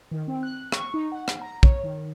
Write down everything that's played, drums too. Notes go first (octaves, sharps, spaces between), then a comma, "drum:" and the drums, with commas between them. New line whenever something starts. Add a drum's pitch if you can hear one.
D#3
C4
F#6
C#6, drum: rim click
D#4
F#5
drum: rim click
A#5
C#5, drum: kick
D#3